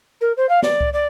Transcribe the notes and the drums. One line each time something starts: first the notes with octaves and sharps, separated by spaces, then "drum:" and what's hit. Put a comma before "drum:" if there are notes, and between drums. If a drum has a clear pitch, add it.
A#4
C5
F5
D5, drum: snare
drum: kick C2
D5